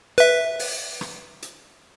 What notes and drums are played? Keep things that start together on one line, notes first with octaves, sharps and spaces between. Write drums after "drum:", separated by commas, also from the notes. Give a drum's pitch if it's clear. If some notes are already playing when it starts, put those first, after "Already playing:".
B4 E5, drum: hi-hat
drum: open hi-hat
drum: rim click
drum: hi-hat